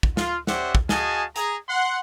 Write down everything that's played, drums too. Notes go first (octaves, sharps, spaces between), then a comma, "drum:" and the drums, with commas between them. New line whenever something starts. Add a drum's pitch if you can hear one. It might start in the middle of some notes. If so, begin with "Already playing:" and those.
drum: kick
F4, drum: snare
C#4 G4 C5 D5 E5 F#5, drum: snare
drum: kick
F#4 G#4 D#5 F5 G#5 A5, drum: snare
G#4 A#5, drum: hi-hat
F#5 C6